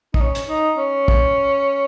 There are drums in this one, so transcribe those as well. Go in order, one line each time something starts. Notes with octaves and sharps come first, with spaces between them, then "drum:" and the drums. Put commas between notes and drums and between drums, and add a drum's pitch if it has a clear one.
D#4, drum: kick
C#4
drum: hi-hat
D#4
C#4
drum: kick